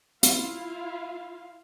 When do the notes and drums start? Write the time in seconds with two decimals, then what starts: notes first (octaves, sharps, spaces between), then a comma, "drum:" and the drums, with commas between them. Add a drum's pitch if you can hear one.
0.23 E4 F4 F5, drum: hi-hat